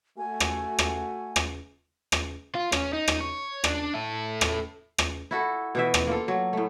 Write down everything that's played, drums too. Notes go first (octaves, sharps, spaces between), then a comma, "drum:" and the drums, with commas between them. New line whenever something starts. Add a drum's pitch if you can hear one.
A3 F#4 G#5
drum: rim click
drum: rim click
drum: rim click
drum: rim click
F4
C#4, drum: rim click
D#4
drum: rim click
C#5
D4, drum: rim click
E4 A4
drum: rim click
drum: rim click
E4 F#4 A4
B2 E3 E5
drum: rim click
A#3 F4 A4
F#3
A2 A3